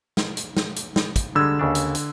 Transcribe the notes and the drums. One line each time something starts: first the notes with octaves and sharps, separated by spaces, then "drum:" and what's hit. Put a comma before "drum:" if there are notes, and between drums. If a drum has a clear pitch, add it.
drum: snare
drum: hi-hat
drum: snare
drum: hi-hat
drum: snare
drum: kick, hi-hat
D3 G3 G#3 E6 G#6
D#2 C#3 D4
drum: hi-hat
drum: hi-hat